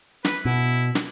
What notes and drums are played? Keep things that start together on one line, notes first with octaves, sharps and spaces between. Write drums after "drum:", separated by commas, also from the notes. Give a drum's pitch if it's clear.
B4, drum: snare
B2 E4
drum: snare